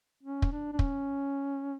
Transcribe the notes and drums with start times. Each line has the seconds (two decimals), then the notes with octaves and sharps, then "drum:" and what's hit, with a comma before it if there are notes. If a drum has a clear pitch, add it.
0.23 C#4
0.42 drum: kick
0.52 D4
0.73 D4
0.79 C#4, drum: kick